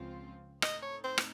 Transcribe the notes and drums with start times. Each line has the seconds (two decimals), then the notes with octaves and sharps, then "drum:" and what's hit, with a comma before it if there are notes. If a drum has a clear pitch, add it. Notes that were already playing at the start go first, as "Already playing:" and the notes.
Already playing: C#2 C#3 F3 C4 F4
0.62 A2 A3 C4 D#4 A4 D#5, drum: rim click
0.82 C#5
1.04 C5
1.18 drum: rim click